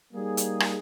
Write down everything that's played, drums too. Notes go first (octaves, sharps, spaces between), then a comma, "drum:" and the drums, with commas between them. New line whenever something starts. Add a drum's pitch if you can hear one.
G3 A#3 D#4 G#4
drum: hi-hat
drum: rim click